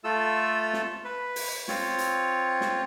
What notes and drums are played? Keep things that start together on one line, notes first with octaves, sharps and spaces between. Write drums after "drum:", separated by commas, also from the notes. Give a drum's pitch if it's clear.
A3 F4 A4 E6
drum: snare
B4
drum: open hi-hat
C4 F4 C#5, drum: snare
drum: hi-hat
drum: snare